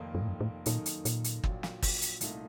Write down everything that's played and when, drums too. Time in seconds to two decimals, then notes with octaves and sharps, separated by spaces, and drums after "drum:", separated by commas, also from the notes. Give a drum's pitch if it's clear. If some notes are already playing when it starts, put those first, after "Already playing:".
Already playing: F1 F2 D#3 A#3 D#4
0.14 F#2
0.22 A2
0.29 F#2
0.40 A2
0.66 F#2 A#2 D#3 A#3 D#4 A4, drum: hi-hat
0.86 drum: hi-hat
1.05 A#2, drum: hi-hat
1.24 drum: hi-hat
1.44 A#1 A#2 F#3, drum: kick
1.63 drum: snare
1.82 drum: kick, open hi-hat
2.02 drum: hi-hat
2.21 C2 A#2 A3 D#4, drum: hi-hat